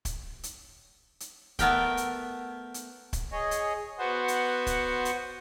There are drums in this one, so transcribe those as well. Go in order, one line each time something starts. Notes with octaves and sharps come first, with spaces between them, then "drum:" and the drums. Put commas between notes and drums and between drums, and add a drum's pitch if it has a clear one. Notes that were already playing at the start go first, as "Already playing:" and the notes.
drum: kick, hi-hat
drum: hi-hat
drum: hi-hat
A3 B3 A#4 G5, drum: kick, hi-hat
drum: hi-hat
drum: hi-hat
drum: kick, hi-hat
G#4 C#5 D#5
drum: hi-hat
B3 F#4 C5 F#5
drum: hi-hat
drum: kick, hi-hat
drum: hi-hat